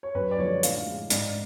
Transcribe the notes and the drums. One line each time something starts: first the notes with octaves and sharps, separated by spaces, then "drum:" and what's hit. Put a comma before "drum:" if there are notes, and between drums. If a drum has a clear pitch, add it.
C#5
F#2 B4
D5
D3 F3 G#3 C#5
A2 F5, drum: hi-hat
G#3
G#2 D5, drum: hi-hat